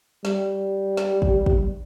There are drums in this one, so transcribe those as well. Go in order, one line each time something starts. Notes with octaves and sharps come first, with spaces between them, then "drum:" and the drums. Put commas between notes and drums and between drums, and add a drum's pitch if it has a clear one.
G3, drum: snare
drum: snare
drum: kick
drum: kick